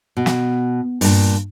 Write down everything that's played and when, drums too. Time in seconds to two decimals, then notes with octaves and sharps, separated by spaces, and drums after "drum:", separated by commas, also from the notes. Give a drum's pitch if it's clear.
0.17 B2
0.26 drum: snare
1.01 G2 A#2 A5, drum: open hi-hat